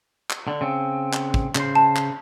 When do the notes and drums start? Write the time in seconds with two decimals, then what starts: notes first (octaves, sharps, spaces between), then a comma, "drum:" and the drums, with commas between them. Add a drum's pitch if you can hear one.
0.30 drum: clap
0.48 D3
0.61 C#3 C4
1.13 drum: clap
1.34 drum: kick
1.55 C#3 C5, drum: clap
1.75 A5
1.96 drum: clap